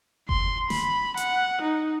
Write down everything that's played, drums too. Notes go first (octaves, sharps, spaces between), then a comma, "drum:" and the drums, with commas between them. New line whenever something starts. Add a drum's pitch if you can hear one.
C6, drum: kick F#1
B5, drum: snare
F#5, drum: hi-hat
D#4